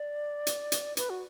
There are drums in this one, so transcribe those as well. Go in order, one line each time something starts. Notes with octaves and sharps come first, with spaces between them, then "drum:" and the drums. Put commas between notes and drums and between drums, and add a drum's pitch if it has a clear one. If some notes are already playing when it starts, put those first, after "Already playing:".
Already playing: D5
drum: hi-hat
drum: hi-hat
B4, drum: hi-hat
F#4